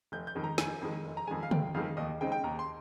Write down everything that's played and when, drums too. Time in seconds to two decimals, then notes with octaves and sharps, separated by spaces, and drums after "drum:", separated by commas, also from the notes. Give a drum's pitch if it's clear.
0.12 F1 G6
0.27 G6
0.35 F2 D#3 G#3
0.44 A#5
0.58 F1 G#5, drum: snare
0.81 F2 D#3 G#3
1.05 F1
1.17 A#5
1.27 F2 D#3 G#3 G#5
1.43 F5
1.51 F1 G5, drum: tom C#3
1.74 F2 D#3 G#3 F5
1.97 D#2 D#5
2.21 C#3 G#3 C4 D#4 G5
2.32 G5
2.44 D#2 A#5
2.59 C6